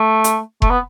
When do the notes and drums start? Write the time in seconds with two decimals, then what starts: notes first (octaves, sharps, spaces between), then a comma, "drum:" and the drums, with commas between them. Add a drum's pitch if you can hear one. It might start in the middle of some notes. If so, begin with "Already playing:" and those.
Already playing: A3
0.24 drum: hi-hat
0.62 A3, drum: kick F1
0.70 B3